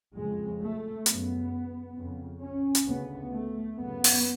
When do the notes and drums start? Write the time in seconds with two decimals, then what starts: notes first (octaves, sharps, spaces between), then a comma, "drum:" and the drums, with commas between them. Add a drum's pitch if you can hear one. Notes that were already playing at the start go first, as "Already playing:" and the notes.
0.15 F2 C#3 G#3
0.61 A3
1.06 F#2 C#3 B3, drum: hi-hat
1.97 F2 C#3
2.42 C#4
2.75 drum: hi-hat
2.87 D2 C#3 B3
3.32 A3
3.77 F#2 C#3 B3
4.04 drum: open hi-hat